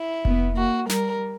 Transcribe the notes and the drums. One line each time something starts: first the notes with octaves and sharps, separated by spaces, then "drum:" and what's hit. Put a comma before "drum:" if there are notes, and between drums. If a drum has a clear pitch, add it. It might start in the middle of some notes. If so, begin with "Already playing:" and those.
Already playing: E4
B3, drum: kick F1
A#3 F#4
G3 A#4, drum: snare